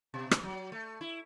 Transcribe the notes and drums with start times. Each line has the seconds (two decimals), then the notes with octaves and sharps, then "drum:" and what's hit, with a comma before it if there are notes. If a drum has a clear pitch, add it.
0.14 B2
0.31 drum: rim click
0.43 F#3
0.72 A3
1.01 E4